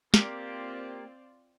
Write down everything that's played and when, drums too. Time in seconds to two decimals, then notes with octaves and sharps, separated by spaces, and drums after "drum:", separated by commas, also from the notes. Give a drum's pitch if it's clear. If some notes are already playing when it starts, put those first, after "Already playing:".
0.14 A#3 C4 F4 G4 D5, drum: snare